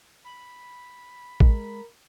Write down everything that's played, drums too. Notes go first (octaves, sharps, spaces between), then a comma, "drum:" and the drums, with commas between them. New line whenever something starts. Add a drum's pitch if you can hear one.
B5
G#3 A#4, drum: kick A1